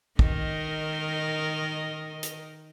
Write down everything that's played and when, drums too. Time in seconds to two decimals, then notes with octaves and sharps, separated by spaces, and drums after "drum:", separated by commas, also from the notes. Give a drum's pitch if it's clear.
0.19 D#3 A#4 D#5, drum: kick
2.23 drum: hi-hat